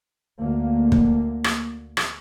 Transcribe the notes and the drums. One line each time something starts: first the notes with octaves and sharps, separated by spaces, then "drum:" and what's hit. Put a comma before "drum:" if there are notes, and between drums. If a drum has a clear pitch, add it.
D2 A#3
drum: kick
drum: rim click
drum: rim click